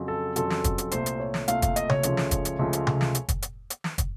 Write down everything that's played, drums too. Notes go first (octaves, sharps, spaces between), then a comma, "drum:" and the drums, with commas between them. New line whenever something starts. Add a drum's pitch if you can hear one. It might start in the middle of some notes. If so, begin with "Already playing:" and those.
Already playing: F2 C#3 F#3
A4
F2 C#3 F#3 A4, drum: hi-hat
drum: snare
drum: kick, hi-hat
drum: hi-hat
C2 A#2 A3 C5, drum: hi-hat
drum: hi-hat
C#5
drum: snare
C2 A#2 A3 F5, drum: hi-hat
F5, drum: kick, hi-hat
D#5, drum: hi-hat
C#5, drum: tom C3
C#2 C#3 F3 A3, drum: hi-hat
drum: snare
drum: kick, hi-hat
drum: hi-hat
C#2 C#3 F3 A3
drum: hi-hat
drum: tom C3
drum: snare
drum: hi-hat
drum: kick, hi-hat
drum: hi-hat
drum: hi-hat
drum: snare
drum: kick, hi-hat